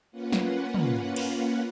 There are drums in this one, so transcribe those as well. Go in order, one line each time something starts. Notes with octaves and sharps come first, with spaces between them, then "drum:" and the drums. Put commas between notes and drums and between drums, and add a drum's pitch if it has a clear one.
A#3 C#4 F4 B4 F#5
drum: snare
drum: tom
drum: cymbal